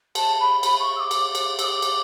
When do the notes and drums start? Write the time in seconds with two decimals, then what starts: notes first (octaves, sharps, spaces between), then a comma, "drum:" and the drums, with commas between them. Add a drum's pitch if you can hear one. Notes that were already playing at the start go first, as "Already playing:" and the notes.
0.15 A5, drum: cymbal
0.40 B5
0.63 B5, drum: cymbal
0.79 C#6
0.95 E6
1.00 D6
1.11 drum: cymbal
1.35 drum: cymbal
1.59 E6, drum: cymbal
1.63 D6
1.82 drum: cymbal